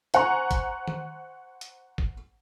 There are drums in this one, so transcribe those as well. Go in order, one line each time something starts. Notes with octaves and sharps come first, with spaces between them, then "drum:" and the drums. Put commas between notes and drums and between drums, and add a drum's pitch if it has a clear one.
C5 F#5 G#5 A#5 C#6, drum: hi-hat
drum: kick, hi-hat
drum: tom D#3
drum: hi-hat
drum: kick